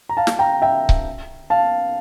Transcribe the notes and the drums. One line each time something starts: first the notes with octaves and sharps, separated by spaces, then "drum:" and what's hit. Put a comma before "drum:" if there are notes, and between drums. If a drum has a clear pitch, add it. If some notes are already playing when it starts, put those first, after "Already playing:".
A#5
F5 A5
drum: snare
G5 A#5
E5 G5
drum: kick C#1
F5 A5